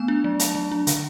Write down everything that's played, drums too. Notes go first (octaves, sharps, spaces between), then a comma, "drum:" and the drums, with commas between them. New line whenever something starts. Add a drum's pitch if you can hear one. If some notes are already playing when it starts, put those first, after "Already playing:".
Already playing: A3 B3 G#5
D4
F#3
D4 A5, drum: hi-hat
F#3
D4
D3, drum: hi-hat